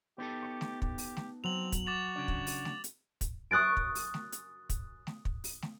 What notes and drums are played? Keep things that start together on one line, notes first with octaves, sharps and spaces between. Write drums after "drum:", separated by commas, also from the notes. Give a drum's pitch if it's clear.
B3 D#4 G4 A4
C#6 D6
drum: snare
G4, drum: kick
drum: open hi-hat
drum: snare
F#3 C4 F7 F#7
drum: kick, hi-hat
F#4 D6 A6 F7
C#3 D4
drum: kick
drum: open hi-hat
drum: snare
drum: hi-hat
drum: kick, hi-hat
C#6 D#6 F#6 A6 D7
drum: kick
drum: open hi-hat
drum: snare
drum: hi-hat
drum: kick, hi-hat
drum: snare
drum: kick
drum: open hi-hat
drum: snare